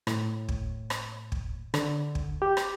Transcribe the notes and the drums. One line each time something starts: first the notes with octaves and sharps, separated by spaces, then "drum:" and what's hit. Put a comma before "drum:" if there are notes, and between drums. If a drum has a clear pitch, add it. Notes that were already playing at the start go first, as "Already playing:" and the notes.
A2, drum: rim click
drum: kick
drum: rim click
drum: kick
D3, drum: rim click
drum: kick
G4
drum: rim click